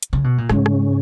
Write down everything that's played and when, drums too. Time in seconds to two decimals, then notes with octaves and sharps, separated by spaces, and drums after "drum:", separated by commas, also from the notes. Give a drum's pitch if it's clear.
0.03 drum: hi-hat
0.13 C#3
0.24 B2
0.38 A#2
0.49 G#2 C#3 G#3 C#4, drum: rim click
0.66 drum: rim click